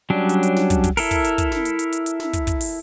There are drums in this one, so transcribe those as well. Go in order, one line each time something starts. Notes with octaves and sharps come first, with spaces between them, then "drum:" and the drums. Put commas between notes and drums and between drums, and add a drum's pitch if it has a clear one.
F#3 G3 C#4 D4
drum: hi-hat
drum: hi-hat
drum: snare
drum: kick, hi-hat
drum: kick, hi-hat
E4 A4 A#4, drum: open hi-hat
drum: kick, hi-hat
drum: hi-hat
drum: kick, hi-hat
drum: snare
drum: hi-hat
drum: hi-hat
drum: hi-hat
drum: hi-hat
drum: snare
drum: kick, hi-hat
drum: kick, hi-hat
drum: open hi-hat